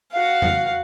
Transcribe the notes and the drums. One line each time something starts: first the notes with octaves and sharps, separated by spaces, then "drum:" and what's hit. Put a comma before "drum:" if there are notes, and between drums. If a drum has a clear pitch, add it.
F#4 F5
drum: tom F2